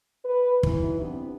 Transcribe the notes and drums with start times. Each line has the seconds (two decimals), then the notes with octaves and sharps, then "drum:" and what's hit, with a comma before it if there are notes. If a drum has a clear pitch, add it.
0.25 B4
0.63 E3 F#3 D#4 E4, drum: kick
1.01 B3 C4 D4 G4 B4